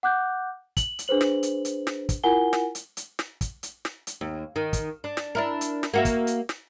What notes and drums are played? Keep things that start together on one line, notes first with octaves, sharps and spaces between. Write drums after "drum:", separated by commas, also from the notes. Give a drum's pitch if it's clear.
F#5 D6 F#6 G6
F#7, drum: kick, hi-hat
drum: hi-hat
D4 G#4 B4 C5 F#7
drum: snare
drum: hi-hat
drum: hi-hat
drum: snare
drum: kick, hi-hat
E4 F4 A#4 F#5 G#5 G7
drum: snare
drum: hi-hat
drum: hi-hat
drum: snare
drum: kick, hi-hat
drum: hi-hat
drum: snare
drum: hi-hat
D#2
D#3
drum: kick, hi-hat
D4
drum: snare
D4 E4 A#4
drum: hi-hat
drum: snare
A#3 F#4 E5
drum: kick, hi-hat
drum: hi-hat
drum: snare